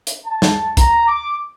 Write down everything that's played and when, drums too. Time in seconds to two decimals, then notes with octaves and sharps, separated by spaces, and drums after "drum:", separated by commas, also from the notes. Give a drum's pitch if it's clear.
0.07 drum: hi-hat
0.25 A5
0.42 drum: snare
0.77 A#5, drum: kick, hi-hat
1.07 D6